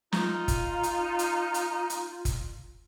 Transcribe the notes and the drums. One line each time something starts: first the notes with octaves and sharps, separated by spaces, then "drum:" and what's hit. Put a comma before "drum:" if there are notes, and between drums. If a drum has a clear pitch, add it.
D#4 F4, drum: snare
drum: kick, hi-hat
drum: hi-hat
drum: hi-hat
drum: hi-hat
drum: hi-hat
drum: kick, hi-hat